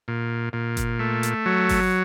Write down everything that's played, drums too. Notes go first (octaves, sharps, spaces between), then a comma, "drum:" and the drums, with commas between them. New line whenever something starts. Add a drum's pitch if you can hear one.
A#2
A#2
drum: kick G1, hi-hat
A3
drum: hi-hat
F#3
drum: kick G1, open hi-hat